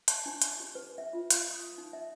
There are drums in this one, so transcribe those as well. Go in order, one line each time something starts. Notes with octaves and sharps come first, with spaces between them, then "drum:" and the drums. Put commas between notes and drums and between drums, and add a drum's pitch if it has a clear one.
A5, drum: hi-hat
D4
G#4, drum: hi-hat
G4
B4
E5
F4
F5, drum: hi-hat
D#6
D#4
E5